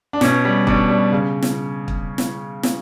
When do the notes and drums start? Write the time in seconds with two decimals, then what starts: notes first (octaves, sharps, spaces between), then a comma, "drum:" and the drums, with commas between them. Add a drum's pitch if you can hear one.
0.13 D4
0.21 B2 C#4, drum: snare
0.45 G3
0.67 B2 D4, drum: kick
0.89 G3
1.12 C#3
1.42 drum: snare
1.88 drum: kick
2.18 drum: snare
2.63 drum: snare